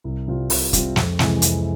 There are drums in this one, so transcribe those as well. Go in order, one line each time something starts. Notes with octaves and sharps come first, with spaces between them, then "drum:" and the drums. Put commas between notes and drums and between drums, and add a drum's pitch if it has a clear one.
C2
C3 G3 C4 F4
C2, drum: open hi-hat
C3 G3 C4 F4, drum: kick, hi-hat
F2, drum: snare
C3 E3 G#3, drum: snare
F2, drum: hi-hat